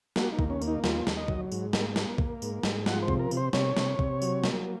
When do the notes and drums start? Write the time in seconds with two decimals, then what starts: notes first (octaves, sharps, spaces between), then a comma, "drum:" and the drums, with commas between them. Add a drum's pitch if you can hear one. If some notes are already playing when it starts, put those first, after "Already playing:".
0.16 A#3 F#4, drum: snare
0.33 D#4
0.39 D#2, drum: kick B1
0.50 C#4
0.62 A#3, drum: tambourine
0.68 D#4
0.84 D#2 F4, drum: snare
1.07 D#2, drum: snare
1.17 D#5
1.28 F#3, drum: kick B1
1.52 G#2, drum: tambourine
1.73 A#3, drum: snare
1.96 A#3, drum: snare
2.18 A#3, drum: kick B1
2.42 G#2, drum: tambourine
2.63 G#2, drum: snare
2.86 F3 F#5, drum: snare
3.03 C5
3.08 C3, drum: kick B1
3.19 A#4
3.31 C3, drum: tambourine
3.37 C5
3.53 C3 C#5, drum: snare
3.77 C3, drum: snare
3.99 C3, drum: kick B1
4.22 F#3, drum: tambourine
4.44 A#3, drum: snare